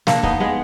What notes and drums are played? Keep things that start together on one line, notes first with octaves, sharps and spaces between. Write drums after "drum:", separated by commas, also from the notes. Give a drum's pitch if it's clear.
A#3 D4, drum: snare
B3 D#4, drum: kick
G#3 B3